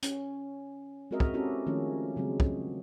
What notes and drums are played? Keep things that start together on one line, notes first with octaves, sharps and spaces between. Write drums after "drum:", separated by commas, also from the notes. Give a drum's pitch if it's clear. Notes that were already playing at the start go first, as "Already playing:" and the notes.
C#4, drum: hi-hat
G#3 C4 F#4 A#4 D#5 E5
drum: kick
C4 C#4 E4 F#4 G4 A4
D#3 F3 G#3 A3 C#4
C#3 F#3 G#3 C4
drum: kick